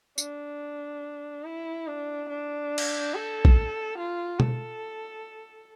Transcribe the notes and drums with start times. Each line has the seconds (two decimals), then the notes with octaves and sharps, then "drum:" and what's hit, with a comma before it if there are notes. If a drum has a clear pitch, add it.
0.18 D4, drum: tambourine
1.44 E4
1.87 D4
2.29 D4
2.78 drum: cymbal
3.14 A4
3.45 drum: kick
3.98 F4
4.40 A4, drum: tom B2